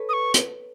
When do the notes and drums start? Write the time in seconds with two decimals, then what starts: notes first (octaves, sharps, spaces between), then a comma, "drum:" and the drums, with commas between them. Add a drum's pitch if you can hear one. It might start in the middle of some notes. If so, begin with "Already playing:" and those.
Already playing: A4 B4 C#5
0.09 D#6
0.13 C#6
0.34 drum: hi-hat